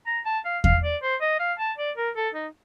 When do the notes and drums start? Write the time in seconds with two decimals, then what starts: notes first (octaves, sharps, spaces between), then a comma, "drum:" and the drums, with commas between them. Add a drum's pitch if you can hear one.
0.06 A#5
0.26 A5
0.45 F5
0.64 F5, drum: kick E2
0.83 D5
1.02 C5
1.21 D#5
1.39 F5
1.59 A5
1.78 D5
1.97 A#4
2.16 A4
2.34 D#4